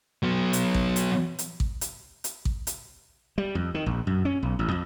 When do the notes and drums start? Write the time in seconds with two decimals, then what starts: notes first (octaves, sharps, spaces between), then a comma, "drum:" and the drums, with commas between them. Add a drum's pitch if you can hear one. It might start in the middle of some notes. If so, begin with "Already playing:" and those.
0.23 F#3 B3
0.53 drum: hi-hat
0.74 drum: kick A1
0.96 drum: hi-hat
1.39 drum: hi-hat
1.60 drum: kick A1
1.81 drum: hi-hat
2.24 drum: hi-hat
2.45 drum: kick A1
2.67 drum: hi-hat
3.38 G3
3.55 F2
3.74 D#3
3.86 A#1
4.07 F#2
4.25 C#4
4.42 B1
4.59 A1
4.71 F2